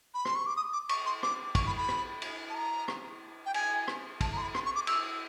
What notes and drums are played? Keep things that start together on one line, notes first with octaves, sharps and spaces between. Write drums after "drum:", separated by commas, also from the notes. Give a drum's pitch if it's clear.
B5
C6, drum: rim click
C#6
D6
D#6
D6
C#6, drum: cymbal
C6
D6, drum: rim click
C#6, drum: kick, cymbal
B5
B5
drum: rim click
drum: cymbal
A5
A#5
drum: rim click
G5
G#5, drum: cymbal
drum: rim click
A5, drum: kick, cymbal
A#5
C6
B5
C6, drum: rim click
C#6
D6
E6, drum: cymbal